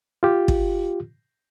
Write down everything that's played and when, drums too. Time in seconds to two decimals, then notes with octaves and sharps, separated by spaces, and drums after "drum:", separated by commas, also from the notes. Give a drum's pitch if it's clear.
0.23 F4 G4
0.48 drum: kick